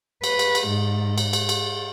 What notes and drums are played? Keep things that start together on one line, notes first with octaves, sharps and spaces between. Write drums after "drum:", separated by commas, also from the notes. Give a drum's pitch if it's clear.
B4, drum: cymbal
drum: cymbal
drum: cymbal
G#2
drum: cymbal
drum: cymbal
drum: cymbal